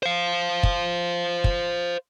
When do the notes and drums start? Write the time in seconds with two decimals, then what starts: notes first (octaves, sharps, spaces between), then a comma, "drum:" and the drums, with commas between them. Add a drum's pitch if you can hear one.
0.03 C5 F5
0.63 drum: kick
1.44 drum: kick